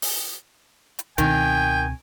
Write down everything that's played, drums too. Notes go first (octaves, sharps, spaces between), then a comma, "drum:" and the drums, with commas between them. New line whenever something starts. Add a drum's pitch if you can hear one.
drum: open hi-hat
drum: hi-hat
C#2 B2 D#3 C4 G5 G#5, drum: hi-hat